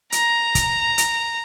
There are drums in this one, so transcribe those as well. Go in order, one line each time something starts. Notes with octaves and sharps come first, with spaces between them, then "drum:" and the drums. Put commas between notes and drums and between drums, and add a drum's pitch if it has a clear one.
A#5, drum: hi-hat
drum: kick, hi-hat
drum: hi-hat